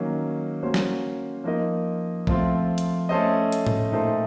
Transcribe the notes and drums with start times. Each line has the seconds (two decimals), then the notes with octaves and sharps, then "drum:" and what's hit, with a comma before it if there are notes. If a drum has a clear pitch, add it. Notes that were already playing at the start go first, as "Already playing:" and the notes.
Already playing: D#3 F#3 A#3 C#4
0.63 A#3 C#4 F#4 C5
0.74 drum: snare
1.44 F3 A#3 D#4 A#4 D#5
2.27 F3 A3 C4 F4, drum: kick
2.78 drum: hi-hat
3.09 A3 C#4 A4 C5 D#5
3.52 drum: hi-hat
3.67 drum: tom A2
3.92 A#2 A3 D#4 A4 C5